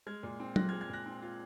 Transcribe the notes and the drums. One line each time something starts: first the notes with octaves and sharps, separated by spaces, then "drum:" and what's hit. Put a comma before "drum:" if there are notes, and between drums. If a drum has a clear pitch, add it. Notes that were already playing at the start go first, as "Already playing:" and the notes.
G#3 F6 G#6
A#2
C4
F4 F#6 A#6, drum: tom F#3
F6 G#6
G#3
F6 G#6
A#2 F#6 A#6
C4
F4